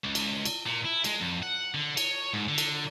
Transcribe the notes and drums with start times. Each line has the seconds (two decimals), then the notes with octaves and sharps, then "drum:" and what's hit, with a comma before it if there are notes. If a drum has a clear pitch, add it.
0.04 C#2
0.15 drum: cymbal
0.45 drum: cymbal
0.66 A#2
0.85 E4
1.04 G#3, drum: cymbal
1.20 F2
1.42 F#5
1.74 D3
1.97 C#5, drum: cymbal
2.34 G#2
2.49 D3
2.58 drum: cymbal